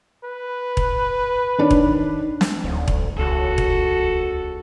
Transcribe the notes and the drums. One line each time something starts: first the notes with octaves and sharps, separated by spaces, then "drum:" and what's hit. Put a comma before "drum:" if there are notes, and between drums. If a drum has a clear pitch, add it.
B4
drum: kick E1
D#3 D4 C#5
drum: kick E1
drum: snare
D#1 D2
drum: kick E1
C#2 F#4 A4
drum: kick E1